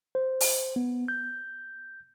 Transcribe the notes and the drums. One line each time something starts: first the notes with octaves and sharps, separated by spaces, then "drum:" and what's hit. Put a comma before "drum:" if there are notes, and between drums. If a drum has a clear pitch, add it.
C5
drum: open hi-hat
B3
G6